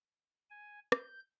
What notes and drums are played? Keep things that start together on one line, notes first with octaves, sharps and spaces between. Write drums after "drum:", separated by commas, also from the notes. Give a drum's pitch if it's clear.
G#5
G6, drum: rim click